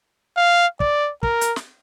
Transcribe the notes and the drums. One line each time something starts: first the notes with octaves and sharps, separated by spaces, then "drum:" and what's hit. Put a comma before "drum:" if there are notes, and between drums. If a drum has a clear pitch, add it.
F5
D5, drum: kick
A#4, drum: kick
drum: hi-hat
drum: snare